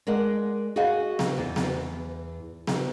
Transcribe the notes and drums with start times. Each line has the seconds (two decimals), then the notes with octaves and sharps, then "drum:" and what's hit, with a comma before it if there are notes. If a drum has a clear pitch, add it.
0.07 G#3 A#4 D5 D#5 F#5
0.76 F#4 G#4 D#5 F5 F#5
1.19 drum: snare B3
1.38 E2
1.56 drum: snare B3
2.67 drum: snare B3